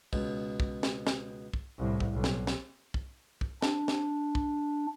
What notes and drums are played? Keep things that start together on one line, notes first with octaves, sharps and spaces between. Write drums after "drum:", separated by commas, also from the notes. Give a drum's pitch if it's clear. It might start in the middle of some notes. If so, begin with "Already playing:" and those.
C#2 B2, drum: kick
drum: kick
drum: snare
drum: snare
drum: kick
C2 A2
drum: kick
B1
drum: snare
drum: snare
drum: kick
drum: kick
D4, drum: snare
drum: snare
drum: kick